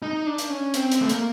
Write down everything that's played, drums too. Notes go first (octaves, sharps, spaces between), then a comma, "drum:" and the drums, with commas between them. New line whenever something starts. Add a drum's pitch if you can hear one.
D#4
D4
drum: hi-hat
C#4
C4, drum: hi-hat
drum: hi-hat
A3
A#3, drum: hi-hat